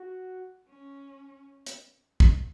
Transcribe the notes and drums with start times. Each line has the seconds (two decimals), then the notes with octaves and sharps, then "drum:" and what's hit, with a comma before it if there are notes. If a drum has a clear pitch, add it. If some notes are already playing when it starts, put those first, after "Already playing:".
Already playing: F#4
0.70 C#4
1.66 drum: hi-hat
2.20 drum: kick